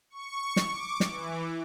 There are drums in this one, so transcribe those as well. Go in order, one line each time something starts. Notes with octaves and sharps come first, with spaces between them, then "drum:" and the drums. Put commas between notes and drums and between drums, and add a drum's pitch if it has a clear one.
C#6
drum: snare
D6
drum: snare
E3